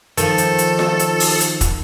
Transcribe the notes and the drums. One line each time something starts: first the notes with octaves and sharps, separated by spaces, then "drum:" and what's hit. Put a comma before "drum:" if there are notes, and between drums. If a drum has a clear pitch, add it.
D#3 F3 A4, drum: hi-hat
drum: hi-hat
drum: hi-hat
drum: snare F4
drum: hi-hat
drum: open hi-hat
drum: hi-hat
drum: kick, hi-hat